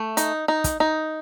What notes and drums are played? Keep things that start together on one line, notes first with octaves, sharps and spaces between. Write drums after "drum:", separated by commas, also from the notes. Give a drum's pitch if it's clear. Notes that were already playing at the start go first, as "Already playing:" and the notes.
Already playing: A3
D#4, drum: hi-hat
D#4
drum: kick, hi-hat
D#4